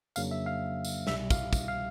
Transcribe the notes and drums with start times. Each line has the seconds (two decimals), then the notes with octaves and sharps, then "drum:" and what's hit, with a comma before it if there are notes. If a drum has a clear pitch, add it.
0.16 F2 C#3 F#3 A#3 D4 F5, drum: tambourine
0.31 E5
0.46 F5
0.85 drum: tambourine
1.07 C2 B2 G3 E5, drum: snare
1.31 F5, drum: kick, tambourine
1.53 drum: kick, tambourine
1.68 F5